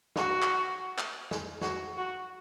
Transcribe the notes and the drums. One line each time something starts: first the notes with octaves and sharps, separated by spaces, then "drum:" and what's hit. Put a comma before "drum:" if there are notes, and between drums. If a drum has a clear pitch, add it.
F#4, drum: snare
drum: clap
drum: clap
drum: snare
F#4, drum: snare
F#4